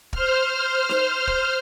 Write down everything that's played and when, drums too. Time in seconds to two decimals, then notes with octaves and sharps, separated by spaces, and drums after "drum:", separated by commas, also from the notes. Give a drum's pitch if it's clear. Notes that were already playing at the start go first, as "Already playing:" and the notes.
0.13 C5 F6, drum: kick
0.89 drum: snare D#4
1.27 drum: kick